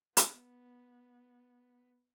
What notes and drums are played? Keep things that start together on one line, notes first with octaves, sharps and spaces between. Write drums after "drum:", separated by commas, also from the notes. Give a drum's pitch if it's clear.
B3, drum: hi-hat